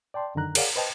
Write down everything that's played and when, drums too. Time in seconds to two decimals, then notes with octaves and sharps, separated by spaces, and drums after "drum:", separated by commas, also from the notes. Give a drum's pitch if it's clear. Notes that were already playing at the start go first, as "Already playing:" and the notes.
0.14 D5 G5 A5 C6
0.35 F#2 D3 D#3 A#5 F#6
0.55 G#4 A#4 C#5 D5 F5 F#5, drum: cymbal
0.76 B4 C5 D#5 G5 A5